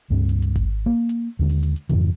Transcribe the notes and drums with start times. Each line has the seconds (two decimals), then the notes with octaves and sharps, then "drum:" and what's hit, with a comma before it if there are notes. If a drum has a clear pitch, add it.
0.10 C#2 G2 C4
0.29 drum: hi-hat
0.42 drum: hi-hat
0.56 drum: kick G#1, hi-hat
0.86 A#3
1.09 drum: hi-hat
1.39 D#2 D3 G#3
1.49 drum: open hi-hat
1.63 drum: hi-hat
1.76 drum: hi-hat
1.89 F2 G#2 C#3 E3, drum: hi-hat